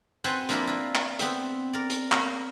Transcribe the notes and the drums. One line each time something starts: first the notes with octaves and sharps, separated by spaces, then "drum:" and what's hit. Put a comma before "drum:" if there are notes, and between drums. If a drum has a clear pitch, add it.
C4 F#4 B4 C5 G#5 A5, drum: hi-hat
F3 A#3 D4 E4 A#4 B4, drum: hi-hat
E4 F4
drum: clap
B3 C4 E5, drum: hi-hat
A#4 D5
drum: hi-hat
A#3, drum: clap